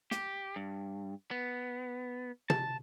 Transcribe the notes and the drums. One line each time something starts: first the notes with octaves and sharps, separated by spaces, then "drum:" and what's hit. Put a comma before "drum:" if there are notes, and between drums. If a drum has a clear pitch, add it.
G4, drum: snare
G2
B3
A5, drum: tom